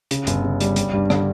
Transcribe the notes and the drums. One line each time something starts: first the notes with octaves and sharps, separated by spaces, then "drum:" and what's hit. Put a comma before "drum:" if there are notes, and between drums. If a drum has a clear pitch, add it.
C#3, drum: hi-hat
G1, drum: hi-hat
C#3
G3, drum: hi-hat
G3, drum: hi-hat
G2
D3, drum: rim click